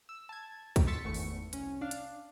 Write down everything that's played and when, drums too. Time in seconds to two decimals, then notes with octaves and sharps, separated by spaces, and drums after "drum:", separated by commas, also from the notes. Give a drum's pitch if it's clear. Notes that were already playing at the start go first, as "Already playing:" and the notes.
0.09 E6
0.29 A5 G#6
0.76 drum: kick, hi-hat
0.87 C6 C#6 E6 A6 B6 C#7
1.04 G#1 E2 A3 C#6 C#7
1.14 drum: open hi-hat
1.53 C2 C#4, drum: hi-hat
1.81 D4 F5
1.91 drum: hi-hat